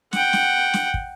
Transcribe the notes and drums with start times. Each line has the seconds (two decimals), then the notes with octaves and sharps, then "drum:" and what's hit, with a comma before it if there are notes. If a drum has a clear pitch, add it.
0.13 F#5 G5, drum: snare
0.33 drum: snare
0.74 drum: snare
0.94 drum: kick